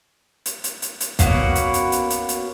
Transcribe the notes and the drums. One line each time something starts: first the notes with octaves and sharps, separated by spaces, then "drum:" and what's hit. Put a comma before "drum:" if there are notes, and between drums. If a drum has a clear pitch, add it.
drum: hi-hat
drum: hi-hat
drum: hi-hat
drum: hi-hat
A#3 B3 C#4 F#4, drum: kick, hi-hat
drum: hi-hat
drum: hi-hat
drum: hi-hat
drum: hi-hat
drum: hi-hat